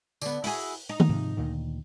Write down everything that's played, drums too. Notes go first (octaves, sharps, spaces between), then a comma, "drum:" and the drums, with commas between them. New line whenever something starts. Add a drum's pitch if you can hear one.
D3 B3, drum: tambourine
E4 F#4 G#4, drum: open hi-hat
D#4
drum: tom D#3
G#2 C3 F3
D2 A#2 D#3